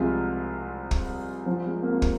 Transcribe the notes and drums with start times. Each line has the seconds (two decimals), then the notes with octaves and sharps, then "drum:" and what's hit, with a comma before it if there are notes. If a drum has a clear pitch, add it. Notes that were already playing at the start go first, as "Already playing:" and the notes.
Already playing: C2 C3 F3 G#3 F4
0.91 drum: kick
1.46 F3
1.67 G#3
1.82 A#3
1.88 C4
2.02 drum: kick